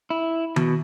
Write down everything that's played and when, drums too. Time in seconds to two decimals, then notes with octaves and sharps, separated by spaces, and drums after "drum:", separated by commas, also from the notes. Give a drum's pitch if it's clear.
0.10 E4
0.56 B2, drum: tom D#3